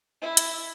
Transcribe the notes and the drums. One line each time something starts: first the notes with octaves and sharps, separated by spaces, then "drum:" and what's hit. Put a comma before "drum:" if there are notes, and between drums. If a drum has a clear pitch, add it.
E4
drum: hi-hat